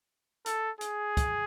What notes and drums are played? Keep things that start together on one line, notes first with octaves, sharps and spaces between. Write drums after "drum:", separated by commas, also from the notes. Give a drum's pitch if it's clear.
A4, drum: hi-hat
G#4, drum: hi-hat
drum: kick, hi-hat